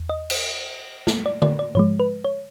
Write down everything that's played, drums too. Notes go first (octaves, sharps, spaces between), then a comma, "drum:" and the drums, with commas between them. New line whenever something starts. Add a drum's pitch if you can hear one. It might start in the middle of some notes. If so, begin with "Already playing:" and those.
Already playing: E2
D#5
drum: cymbal
drum: snare
D5
D5, drum: tom D3
D5
G#2 F3 G#3 C#5
B4
C#5